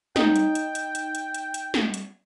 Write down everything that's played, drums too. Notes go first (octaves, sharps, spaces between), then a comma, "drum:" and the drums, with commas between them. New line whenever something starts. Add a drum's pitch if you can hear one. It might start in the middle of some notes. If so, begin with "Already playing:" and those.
D#4 G5, drum: snare
drum: hi-hat
drum: hi-hat
drum: hi-hat
drum: hi-hat
drum: hi-hat
drum: hi-hat
drum: hi-hat
drum: snare
drum: hi-hat